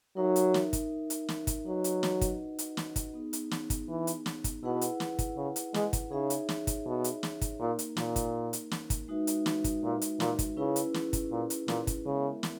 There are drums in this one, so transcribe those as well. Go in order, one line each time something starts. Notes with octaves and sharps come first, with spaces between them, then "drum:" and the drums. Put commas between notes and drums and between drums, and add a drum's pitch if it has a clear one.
F#3 D#4 A#4 E5
drum: hi-hat
drum: snare
drum: kick, hi-hat
drum: hi-hat
drum: snare
drum: kick, hi-hat
F#3 D#4 F#4 B4 D#5 F#5
drum: hi-hat
drum: snare
drum: kick, hi-hat
drum: hi-hat
drum: snare
drum: kick, hi-hat
B3 D#4 G#4
drum: hi-hat
drum: snare
drum: kick, hi-hat
E3
drum: hi-hat
drum: snare
drum: kick, hi-hat
B2 E4 G#4 B4 F#5
drum: hi-hat
drum: snare
drum: kick, hi-hat
C#3
drum: hi-hat
G#3, drum: snare
drum: kick, hi-hat
C#3 D#4 G#4 C#5 E5
drum: hi-hat
drum: snare
drum: kick, hi-hat
B2
drum: hi-hat
drum: snare
drum: kick, hi-hat
A#2 A#3 D#4 A#4
drum: hi-hat
A#2, drum: snare
drum: kick, hi-hat
drum: hi-hat
drum: snare
drum: kick, hi-hat
G#3 D#4 F#4 B4 E5
drum: hi-hat
drum: snare
drum: kick, hi-hat
A#2
drum: hi-hat
A#2, drum: snare
drum: kick, hi-hat
C#3 C#4 E4 G#4 B4
drum: hi-hat
drum: snare
drum: kick, hi-hat
A#2
drum: hi-hat
A#2, drum: snare
drum: kick, hi-hat
C#3 G#3 B3 E4 A#4 E5
drum: snare